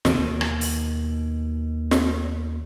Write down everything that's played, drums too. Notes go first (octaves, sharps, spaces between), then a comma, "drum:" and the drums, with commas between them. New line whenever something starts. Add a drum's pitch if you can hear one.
D#2 B2 D#3, drum: snare
drum: rim click
drum: open hi-hat
drum: snare